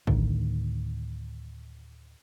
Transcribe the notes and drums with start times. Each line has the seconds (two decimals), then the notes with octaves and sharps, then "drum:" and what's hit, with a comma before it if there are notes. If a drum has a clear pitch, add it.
0.07 D2 A2 D#3, drum: kick